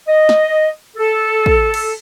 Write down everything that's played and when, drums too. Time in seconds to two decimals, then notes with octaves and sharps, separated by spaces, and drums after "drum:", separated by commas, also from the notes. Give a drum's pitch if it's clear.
0.06 D#5
0.29 drum: snare
0.97 A4
1.46 drum: kick
1.74 drum: cymbal